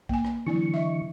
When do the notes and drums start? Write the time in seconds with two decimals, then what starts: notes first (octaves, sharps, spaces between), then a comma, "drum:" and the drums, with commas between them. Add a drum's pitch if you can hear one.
0.09 A#3 G#5, drum: kick A#1
0.25 drum: rim click
0.46 D3 E3 F#3 C4 E4 C#6
0.74 D#5 E5